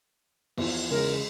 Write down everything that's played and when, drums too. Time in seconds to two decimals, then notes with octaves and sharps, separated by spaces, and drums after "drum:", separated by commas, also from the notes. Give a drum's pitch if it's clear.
0.58 E2 E3 F3, drum: cymbal
0.90 C#3 G#3 A#4